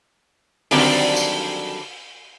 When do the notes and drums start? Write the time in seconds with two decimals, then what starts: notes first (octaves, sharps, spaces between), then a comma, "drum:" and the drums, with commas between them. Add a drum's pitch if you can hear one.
0.71 D3 D#3 F#3 G3 C4 D4, drum: open hi-hat
1.17 drum: tambourine